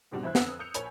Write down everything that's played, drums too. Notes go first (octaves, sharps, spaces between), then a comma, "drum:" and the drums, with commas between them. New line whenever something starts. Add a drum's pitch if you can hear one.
F2 G#2 B2 G3 D4 F#4
E3 C5 E5 B5 F#6 G#6
F2 D3 B4 D#6 E6, drum: snare
D#6 E6 G6 C#7 F7
A#1 A#4 C#5 G#5 B5 F7, drum: hi-hat